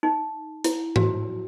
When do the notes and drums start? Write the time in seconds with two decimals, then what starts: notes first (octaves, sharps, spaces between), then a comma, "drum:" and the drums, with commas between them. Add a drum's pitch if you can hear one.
0.03 D#4
0.64 E4, drum: hi-hat
0.96 F#4, drum: tom G#2